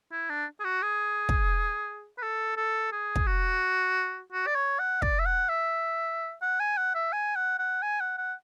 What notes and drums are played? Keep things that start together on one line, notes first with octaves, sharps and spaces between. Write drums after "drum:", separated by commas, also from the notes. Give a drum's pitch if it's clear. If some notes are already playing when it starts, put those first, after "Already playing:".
E4
D4
G#4
F#4
G#4
drum: kick
B4
A4
A4
G#4
drum: kick
F#4
F#4
D5
C#5
F#5
D5, drum: kick
E5
F#5
E5
F#5
G#5
F#5
E5
G#5
F#5
F#5
G#5
F#5
F#5